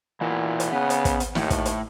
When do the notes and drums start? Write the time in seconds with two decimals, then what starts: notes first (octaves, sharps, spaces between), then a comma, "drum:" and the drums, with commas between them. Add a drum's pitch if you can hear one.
0.21 A#2 E3 E4 F#4
0.60 drum: hi-hat
0.71 C#3 B3
0.90 drum: hi-hat
1.05 drum: kick, hi-hat
1.20 drum: hi-hat
1.35 D#2 A2, drum: snare
1.50 drum: kick, hi-hat
1.65 drum: hi-hat